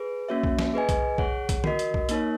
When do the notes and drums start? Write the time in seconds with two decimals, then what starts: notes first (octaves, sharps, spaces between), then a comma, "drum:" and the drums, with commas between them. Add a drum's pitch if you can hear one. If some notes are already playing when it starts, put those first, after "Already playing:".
Already playing: G#4 B4
0.29 A#3 C#4 F#4 C#5 E5
0.44 drum: kick B1
0.59 drum: snare
0.74 G#4 B4 D#5 G#5
0.89 drum: kick B1, hi-hat
1.18 G#4 C#5 F#5, drum: kick B1
1.49 drum: kick B1, hi-hat
1.64 F#4 A#4 D#5, drum: tom D3
1.79 drum: hi-hat
1.94 drum: kick B1
2.09 A#3 D#4 A#4 C#5, drum: hi-hat